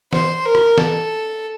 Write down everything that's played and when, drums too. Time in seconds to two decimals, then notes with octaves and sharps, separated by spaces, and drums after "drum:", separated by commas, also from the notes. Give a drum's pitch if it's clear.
0.13 C5, drum: snare
0.45 A#4
0.55 drum: rim click
0.78 A4, drum: snare